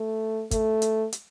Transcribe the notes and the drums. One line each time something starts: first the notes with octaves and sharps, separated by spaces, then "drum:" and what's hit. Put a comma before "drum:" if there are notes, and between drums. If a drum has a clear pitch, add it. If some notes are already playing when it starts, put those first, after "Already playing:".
Already playing: A3
A3, drum: kick, hi-hat
drum: hi-hat
drum: hi-hat